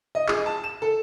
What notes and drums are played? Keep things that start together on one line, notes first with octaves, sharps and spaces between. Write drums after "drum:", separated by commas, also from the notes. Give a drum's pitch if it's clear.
D#5
G#4, drum: clap
A5
E7
A4